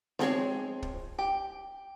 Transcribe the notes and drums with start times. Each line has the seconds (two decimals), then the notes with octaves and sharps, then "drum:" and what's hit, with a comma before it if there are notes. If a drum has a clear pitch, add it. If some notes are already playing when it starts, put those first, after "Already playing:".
0.19 F3 G#3 C4 G#4 C#5, drum: snare B3
0.82 drum: kick
1.19 G4